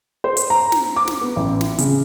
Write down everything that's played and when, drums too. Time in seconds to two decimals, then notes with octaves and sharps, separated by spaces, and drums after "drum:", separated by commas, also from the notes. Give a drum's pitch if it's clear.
0.24 C5
0.37 drum: hi-hat
0.50 A#5
0.72 drum: snare
0.96 D6
1.08 drum: snare
1.21 B3
1.36 A1
1.61 drum: snare
1.78 C#3, drum: hi-hat